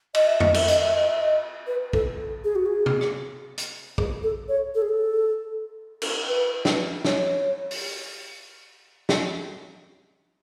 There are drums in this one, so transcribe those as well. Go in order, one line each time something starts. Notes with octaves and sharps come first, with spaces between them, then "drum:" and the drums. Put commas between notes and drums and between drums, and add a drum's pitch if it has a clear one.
D#5, drum: cymbal
E5
D#5, drum: tom F2
E5, drum: cymbal
D#5, drum: hi-hat
E5
D#5
E5
D#5
B4
A4, drum: kick
G#4
F#4
G#4
drum: tom
drum: rim click
drum: hi-hat
G#4, drum: kick
A4
C#5
A4
G#4
A4
drum: cymbal
B4
drum: snare
C#5, drum: snare
drum: open hi-hat
drum: snare